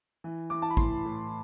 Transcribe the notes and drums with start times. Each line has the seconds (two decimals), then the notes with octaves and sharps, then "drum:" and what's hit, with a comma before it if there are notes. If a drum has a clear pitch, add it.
0.24 E3
0.50 E3 D6
0.62 A5
0.70 B5
0.77 A2 C6, drum: kick G#1
1.05 A2